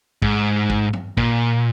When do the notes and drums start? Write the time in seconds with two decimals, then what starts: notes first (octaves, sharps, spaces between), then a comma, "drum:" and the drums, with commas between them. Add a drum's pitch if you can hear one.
0.22 G#2, drum: kick
0.70 drum: kick
0.93 drum: tom G2
1.17 A#2, drum: kick